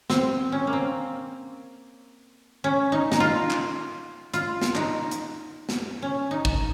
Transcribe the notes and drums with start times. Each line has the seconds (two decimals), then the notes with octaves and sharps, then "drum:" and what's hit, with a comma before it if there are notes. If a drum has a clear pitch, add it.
0.10 C4, drum: snare
0.52 C#4
0.67 A#3
0.73 C4
2.64 C#4
2.92 D#4
3.12 D#4, drum: snare
3.20 F4
3.51 drum: clap
4.34 F4, drum: hi-hat
4.62 drum: snare
4.76 D#4, drum: clap
5.11 drum: hi-hat
5.69 drum: snare
6.02 C#4
6.31 D#4
6.45 drum: kick